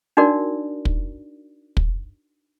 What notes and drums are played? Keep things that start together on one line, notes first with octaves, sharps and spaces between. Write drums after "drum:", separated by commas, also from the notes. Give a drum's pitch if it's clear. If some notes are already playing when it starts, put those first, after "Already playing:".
D4 D#4 F#4 A#4 D5
drum: kick
drum: kick